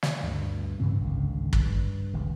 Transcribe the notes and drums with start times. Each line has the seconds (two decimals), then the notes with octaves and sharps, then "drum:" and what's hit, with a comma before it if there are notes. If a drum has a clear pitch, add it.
0.03 drum: snare
0.23 D2 G2
0.80 G2 C#3 E3 C4
1.02 G#1 C#2 D3 D#3
1.53 G2, drum: kick
2.14 D1 G#1 C#2 D#3